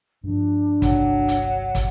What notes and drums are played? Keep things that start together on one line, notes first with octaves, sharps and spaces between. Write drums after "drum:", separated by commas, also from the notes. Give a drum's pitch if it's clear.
G2 F3 D4
G1 C2 F#3, drum: kick, hi-hat
drum: hi-hat
drum: kick, hi-hat